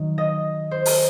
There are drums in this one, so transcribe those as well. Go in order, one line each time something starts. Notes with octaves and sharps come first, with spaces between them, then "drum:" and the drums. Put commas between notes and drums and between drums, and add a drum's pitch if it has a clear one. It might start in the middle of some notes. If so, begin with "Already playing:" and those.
Already playing: D#3 F#3
D#5
C5
drum: open hi-hat